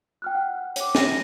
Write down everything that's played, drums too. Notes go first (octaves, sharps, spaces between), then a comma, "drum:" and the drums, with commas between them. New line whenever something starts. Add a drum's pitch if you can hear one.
G5 F6 F#6
F#5
C#5 D6, drum: hi-hat
A#6 D#7, drum: snare